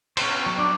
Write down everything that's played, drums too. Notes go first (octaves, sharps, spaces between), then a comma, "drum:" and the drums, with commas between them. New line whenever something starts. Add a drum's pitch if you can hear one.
C5, drum: cymbal
B3 C#4 C#5
F#3
D4 D5